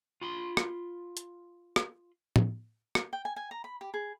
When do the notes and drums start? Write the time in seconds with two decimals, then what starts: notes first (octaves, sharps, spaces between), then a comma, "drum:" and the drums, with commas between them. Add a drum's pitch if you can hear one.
0.21 F4 B5 C6
0.57 drum: rim click
1.17 drum: hi-hat
1.76 drum: rim click
2.36 drum: tom A2
2.95 drum: rim click
3.13 G5
3.25 G#5
3.36 G#5
3.51 A#5
3.64 B5
3.81 G4
3.94 G#4